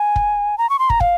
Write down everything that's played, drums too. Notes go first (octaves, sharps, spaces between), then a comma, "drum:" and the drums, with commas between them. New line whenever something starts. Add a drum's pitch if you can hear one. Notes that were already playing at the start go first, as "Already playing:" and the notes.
Already playing: G#5
drum: kick
A#5
C#6
C6
A#5, drum: kick
F5, drum: kick